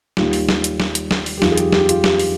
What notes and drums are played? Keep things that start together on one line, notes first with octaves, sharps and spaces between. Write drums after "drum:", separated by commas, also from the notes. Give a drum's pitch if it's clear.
D#2 D#3 G3 F4, drum: snare
drum: open hi-hat
drum: snare
drum: hi-hat
drum: snare
drum: hi-hat
drum: snare
drum: open hi-hat
G4
F2 D#3 G3 F4, drum: snare
G#4
G4, drum: hi-hat
G4, drum: snare
F4, drum: hi-hat
G4, drum: snare
drum: open hi-hat